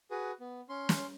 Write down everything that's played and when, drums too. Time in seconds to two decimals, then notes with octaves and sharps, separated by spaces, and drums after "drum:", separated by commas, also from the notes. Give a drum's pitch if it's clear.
0.11 F#4 G#4 B4
0.40 B3
0.69 C#4 C6
0.89 drum: snare